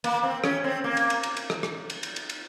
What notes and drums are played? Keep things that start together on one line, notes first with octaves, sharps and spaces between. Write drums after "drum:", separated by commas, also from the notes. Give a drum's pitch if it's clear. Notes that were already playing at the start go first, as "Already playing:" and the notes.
A#3, drum: cymbal
C4
C#4, drum: rim click
C4
A#3
drum: cymbal
drum: cymbal
drum: cymbal
drum: cymbal
drum: rim click
drum: rim click
drum: cymbal
drum: cymbal
drum: cymbal
drum: cymbal